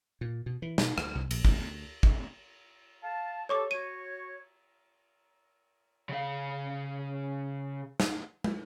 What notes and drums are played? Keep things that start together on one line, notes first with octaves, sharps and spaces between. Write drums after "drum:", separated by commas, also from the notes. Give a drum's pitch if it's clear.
A#2
B2
E3
B2, drum: snare
D2, drum: rim click
C2
A#1, drum: cymbal
A1, drum: kick
D2
drum: kick
F5 A5
G4 A4 C#5 C#6 D6
F#4 C#5 D#7
C#3 F5
drum: snare
drum: tom